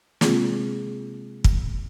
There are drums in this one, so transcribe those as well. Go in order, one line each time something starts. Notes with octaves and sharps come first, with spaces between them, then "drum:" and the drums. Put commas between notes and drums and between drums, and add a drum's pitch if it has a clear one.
C3 G#3 A#3 C4 F4 G#4, drum: snare
drum: kick